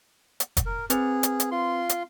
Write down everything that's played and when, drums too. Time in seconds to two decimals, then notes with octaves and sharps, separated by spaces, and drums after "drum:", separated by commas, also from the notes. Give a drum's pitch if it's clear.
0.40 drum: hi-hat
0.57 drum: kick F1, hi-hat
0.66 A#4
0.90 C4 G#4 B4, drum: hi-hat
1.23 drum: hi-hat
1.40 drum: hi-hat
1.51 F4 C6
1.89 drum: hi-hat